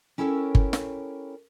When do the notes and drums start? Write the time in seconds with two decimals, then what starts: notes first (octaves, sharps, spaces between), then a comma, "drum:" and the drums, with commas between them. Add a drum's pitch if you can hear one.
0.18 C#4 E4 G4 A4 A#4 C#5
0.55 drum: kick G1
0.73 drum: snare